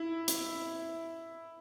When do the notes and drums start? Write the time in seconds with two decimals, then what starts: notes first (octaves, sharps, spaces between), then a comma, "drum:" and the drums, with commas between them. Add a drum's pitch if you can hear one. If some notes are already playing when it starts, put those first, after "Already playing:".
Already playing: E4
0.28 drum: hi-hat